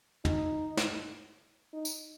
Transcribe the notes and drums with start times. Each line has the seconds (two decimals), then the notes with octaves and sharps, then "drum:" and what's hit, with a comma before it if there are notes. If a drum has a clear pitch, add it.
0.25 D#4, drum: tom
0.77 drum: snare
1.73 D#4
1.85 drum: tambourine